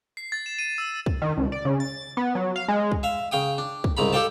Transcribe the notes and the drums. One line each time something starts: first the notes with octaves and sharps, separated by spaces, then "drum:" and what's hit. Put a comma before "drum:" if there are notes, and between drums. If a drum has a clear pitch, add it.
C7
A6
E7
D#7
E6
drum: kick
D#3
C#2
D5
C#3
A6
B3
F#3
F5
G#3
drum: kick
E5 F5
C#3 F5 G5 D#6
D4
drum: kick
C2 G#2 C#3 A#5 B5
G4 A4 D5 F5 G5 A5